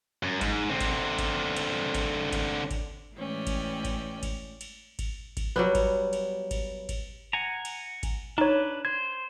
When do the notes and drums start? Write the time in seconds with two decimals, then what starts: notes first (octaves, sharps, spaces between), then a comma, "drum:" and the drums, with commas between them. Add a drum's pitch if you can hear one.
0.23 F#2
0.41 G#2, drum: kick G#1, cymbal
0.70 D3 C4
0.80 drum: kick G#1, cymbal
1.18 drum: kick G#1, cymbal
1.56 drum: cymbal
1.95 drum: kick G#1, cymbal
2.33 drum: kick G#1, cymbal
2.71 drum: kick G#1, cymbal
3.15 A2 E3 G#3 C#4 D5 G5
3.47 drum: kick G#1, cymbal
3.85 drum: kick G#1, cymbal
4.23 drum: kick G#1, cymbal
4.61 drum: cymbal
4.99 drum: kick G#1, cymbal
5.37 drum: kick G#1, cymbal
5.56 F#3 G3 B3
5.75 drum: kick G#1, cymbal
6.13 drum: cymbal
6.51 drum: kick G#1, cymbal
6.89 drum: kick G#1, cymbal
7.33 F#5 G#5 A#5
7.65 drum: cymbal
8.03 drum: kick G#1, cymbal
8.38 D4 D#4 B4 C#5
8.85 C5 G#6